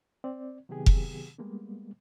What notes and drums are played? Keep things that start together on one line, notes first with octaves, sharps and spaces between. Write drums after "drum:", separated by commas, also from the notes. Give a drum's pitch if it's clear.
C4 D5
C3 D#3 F#3 B3 G4 G#4
drum: kick F1
G3 G#3 A#3 B3